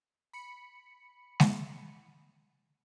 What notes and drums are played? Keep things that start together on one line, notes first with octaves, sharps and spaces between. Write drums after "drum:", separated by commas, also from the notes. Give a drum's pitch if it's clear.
B5 C#7
drum: snare G#3